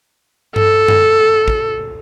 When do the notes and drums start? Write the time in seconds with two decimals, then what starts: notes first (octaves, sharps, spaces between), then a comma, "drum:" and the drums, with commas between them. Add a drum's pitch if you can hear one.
0.56 A4, drum: tom G2
0.88 drum: tom F#2
1.48 drum: kick